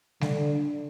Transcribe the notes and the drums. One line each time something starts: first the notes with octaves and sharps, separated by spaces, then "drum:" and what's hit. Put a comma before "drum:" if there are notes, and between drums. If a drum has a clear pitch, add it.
D3, drum: snare G3